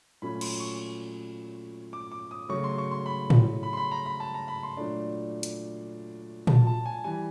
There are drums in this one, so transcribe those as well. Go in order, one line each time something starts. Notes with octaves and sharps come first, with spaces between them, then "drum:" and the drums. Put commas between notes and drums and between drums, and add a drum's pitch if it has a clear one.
A#2 F#3 A3 C#4 B5
C6, drum: cymbal
C#6
D6
D6
D#6
C#3 F#3 A3 C#6
C6
C#6
C6
B5
drum: tom A2
B5
C6
B5
A#5
B5
A5
A#5
B5
C6
A#2 F#3 A3 D4
drum: hi-hat
A5, drum: tom A#2
A5
G#5
E3 G3 G#5